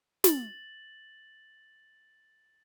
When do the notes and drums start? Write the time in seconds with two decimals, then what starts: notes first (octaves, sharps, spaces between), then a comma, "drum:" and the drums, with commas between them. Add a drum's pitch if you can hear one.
0.24 A6 F#7, drum: snare